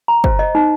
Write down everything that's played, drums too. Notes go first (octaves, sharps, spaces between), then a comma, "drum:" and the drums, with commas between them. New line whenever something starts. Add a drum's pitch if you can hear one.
A#5
C5, drum: kick
D#5
D#4